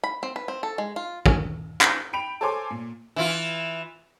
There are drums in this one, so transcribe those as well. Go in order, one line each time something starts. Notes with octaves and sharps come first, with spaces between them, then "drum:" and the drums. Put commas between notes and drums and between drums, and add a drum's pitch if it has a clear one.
B5
C4
B4
C4
A4
G#3
F4
C#4, drum: kick
drum: clap
G5 B5 D7 F7
A4 C5 C#5 G#5 C6 D6
A#2
E3 E4 F4